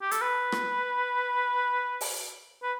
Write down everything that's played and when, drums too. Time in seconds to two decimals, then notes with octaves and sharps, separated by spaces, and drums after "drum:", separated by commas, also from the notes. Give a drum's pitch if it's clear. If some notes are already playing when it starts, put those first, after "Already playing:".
0.02 G4
0.11 A4, drum: hi-hat
0.21 B4
0.52 drum: rim click
2.01 drum: open hi-hat
2.63 B4